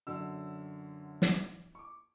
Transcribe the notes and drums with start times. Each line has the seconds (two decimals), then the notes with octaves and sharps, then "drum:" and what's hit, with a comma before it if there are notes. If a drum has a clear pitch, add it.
0.07 F#2 D3 F#3 E6
1.22 drum: snare
1.75 C#6
1.79 D6